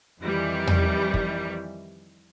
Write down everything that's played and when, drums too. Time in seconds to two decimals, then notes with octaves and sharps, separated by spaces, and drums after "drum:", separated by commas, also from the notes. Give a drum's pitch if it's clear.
0.21 F2 D#3 E3 G3
0.67 drum: tom E2
1.14 drum: kick